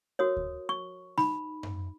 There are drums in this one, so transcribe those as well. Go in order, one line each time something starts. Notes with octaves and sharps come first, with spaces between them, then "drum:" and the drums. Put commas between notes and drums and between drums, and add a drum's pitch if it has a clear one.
F#4 A#4 C#5 D#6
drum: kick D2
C#6
D#4 B5, drum: snare
drum: tom F#2